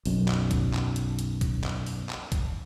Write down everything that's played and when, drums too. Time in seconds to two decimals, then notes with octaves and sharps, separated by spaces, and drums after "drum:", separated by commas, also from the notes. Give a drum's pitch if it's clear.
0.06 B1 F#2, drum: open hi-hat
0.28 drum: clap
0.51 drum: kick, hi-hat
0.73 drum: clap
0.96 drum: hi-hat
1.19 drum: hi-hat
1.41 drum: kick, hi-hat
1.64 drum: clap
1.87 drum: open hi-hat
2.09 drum: clap
2.32 drum: kick, hi-hat